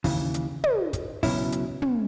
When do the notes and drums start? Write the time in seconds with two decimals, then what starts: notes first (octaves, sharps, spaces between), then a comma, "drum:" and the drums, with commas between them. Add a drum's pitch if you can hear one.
0.04 D#2 C#3 E3, drum: kick, open hi-hat
0.34 drum: hi-hat
0.64 drum: tom
0.93 drum: kick, hi-hat
1.23 C#2 B2 F#3 C#4 E4, drum: kick, open hi-hat
1.52 drum: hi-hat
1.82 drum: tom